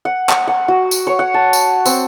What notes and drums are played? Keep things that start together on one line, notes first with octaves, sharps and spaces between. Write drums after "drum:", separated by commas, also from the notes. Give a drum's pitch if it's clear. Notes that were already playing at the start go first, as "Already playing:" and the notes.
F#5
drum: clap
F#5
F#4
drum: tambourine
C#5
F#5
A5
drum: tambourine
C4, drum: tambourine